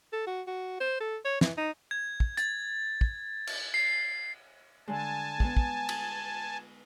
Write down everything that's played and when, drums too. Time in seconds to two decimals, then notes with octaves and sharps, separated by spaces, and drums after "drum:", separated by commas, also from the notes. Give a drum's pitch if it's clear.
0.13 A4
0.27 F#4
0.47 F#4
0.80 C5
1.00 A4
1.25 C#5
1.41 E3, drum: snare
1.58 D#4
1.91 G#6
2.20 drum: kick
2.37 A6, drum: hi-hat
3.01 drum: kick
3.47 drum: cymbal
3.74 C7
4.88 D3 G#3 G#5 A5
5.40 G#3 B3, drum: kick
5.57 drum: kick
5.89 drum: cymbal